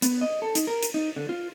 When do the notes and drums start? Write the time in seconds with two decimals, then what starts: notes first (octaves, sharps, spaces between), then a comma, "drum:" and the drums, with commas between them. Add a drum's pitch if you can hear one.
0.02 B3, drum: hi-hat
0.21 D#5
0.42 A4
0.55 D#4, drum: hi-hat
0.67 A#4
0.83 drum: hi-hat
0.94 D#4
1.16 D3
1.29 F4